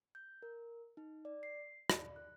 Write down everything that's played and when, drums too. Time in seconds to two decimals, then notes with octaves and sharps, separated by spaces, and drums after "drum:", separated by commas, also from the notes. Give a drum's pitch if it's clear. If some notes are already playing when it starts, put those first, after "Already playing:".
0.15 G6
0.42 A#4
0.97 D#4
1.25 D5
1.43 C7
1.90 D5, drum: rim click
2.16 F#6